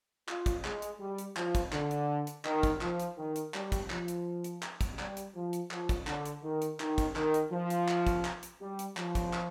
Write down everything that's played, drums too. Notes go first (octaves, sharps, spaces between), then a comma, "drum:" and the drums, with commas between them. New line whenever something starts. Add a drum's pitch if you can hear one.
F4, drum: clap
drum: kick, hi-hat
G#3, drum: clap
drum: hi-hat
G3
drum: hi-hat
F3, drum: clap
drum: kick, hi-hat
D3, drum: clap
drum: hi-hat
drum: hi-hat
D#3, drum: clap
drum: kick, hi-hat
F3, drum: clap
drum: hi-hat
D#3
drum: hi-hat
G3, drum: clap
drum: kick, hi-hat
F3, drum: clap
drum: hi-hat
drum: hi-hat
drum: clap
drum: kick, hi-hat
G3, drum: clap
drum: hi-hat
F3
drum: hi-hat
F3, drum: clap
drum: kick, hi-hat
D3, drum: clap
drum: hi-hat
D#3
drum: hi-hat
D#3, drum: clap
drum: kick, hi-hat
D#3, drum: clap
drum: hi-hat
F3
drum: hi-hat
drum: clap
drum: kick, hi-hat
drum: clap
drum: hi-hat
G3
drum: hi-hat
F3, drum: clap
drum: kick, hi-hat
drum: clap